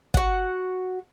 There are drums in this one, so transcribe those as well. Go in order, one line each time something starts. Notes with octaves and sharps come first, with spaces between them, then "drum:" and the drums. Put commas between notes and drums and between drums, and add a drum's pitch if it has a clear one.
F#4 F#5, drum: kick